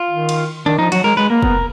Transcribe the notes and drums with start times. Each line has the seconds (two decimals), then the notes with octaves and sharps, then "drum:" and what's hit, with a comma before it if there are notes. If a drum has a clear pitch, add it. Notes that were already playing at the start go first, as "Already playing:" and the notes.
Already playing: F4
0.10 D#3
0.29 drum: cymbal
0.66 D#3 D4
0.79 F3 D#4
0.92 F#3 F#4, drum: cymbal
1.04 G#3 A#4
1.17 G#3 B4
1.30 A#3 A#4
1.42 B3, drum: kick